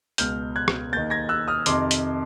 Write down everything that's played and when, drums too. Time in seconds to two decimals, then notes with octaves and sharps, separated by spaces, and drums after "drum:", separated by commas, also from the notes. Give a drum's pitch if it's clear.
0.18 C#2 B2 F6 G6, drum: hi-hat
0.56 F#6 G#6
0.68 drum: rim click
0.92 D#2 D#3 G6 A6
1.10 G#6 A#6
1.29 E6 F#6
1.48 D#6 F6
1.66 F2 C3 D#3 C6 D6, drum: hi-hat
1.91 drum: hi-hat